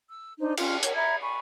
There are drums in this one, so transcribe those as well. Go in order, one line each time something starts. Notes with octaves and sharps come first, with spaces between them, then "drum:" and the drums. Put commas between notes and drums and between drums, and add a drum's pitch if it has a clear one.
E6
D4 D#4 C5
C#4 F4 F6, drum: cymbal
A#4 C#5 F#5, drum: hi-hat
E5 A#5 B5 G#6
G#5 B5 C#6